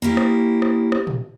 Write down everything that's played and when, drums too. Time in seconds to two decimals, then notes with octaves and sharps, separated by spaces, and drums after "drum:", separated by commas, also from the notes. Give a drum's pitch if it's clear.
0.02 A#3 C#4 E4 G4
0.17 drum: rim click
0.62 drum: rim click
0.92 drum: rim click
1.07 drum: tom